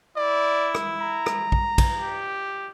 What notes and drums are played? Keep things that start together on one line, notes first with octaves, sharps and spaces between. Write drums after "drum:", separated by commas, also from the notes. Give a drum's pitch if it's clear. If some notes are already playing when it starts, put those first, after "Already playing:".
E4 D5
drum: rim click
A#5
drum: rim click
drum: kick
drum: kick, cymbal
G4